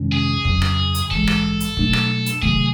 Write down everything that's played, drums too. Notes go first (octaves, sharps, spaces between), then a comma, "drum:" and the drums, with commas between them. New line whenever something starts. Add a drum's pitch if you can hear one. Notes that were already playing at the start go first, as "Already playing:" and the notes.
Already playing: F2 C3 D#3 G#3 C#4
G#4
F2 C#3 F#3, drum: kick
drum: rim click
drum: hi-hat
A#1 G#2 E3 G#3 A4, drum: kick
drum: rim click
drum: hi-hat
B2 F#3 A3 D4, drum: kick
drum: rim click
drum: hi-hat
C3 D#3 F#3 A3 G#4, drum: kick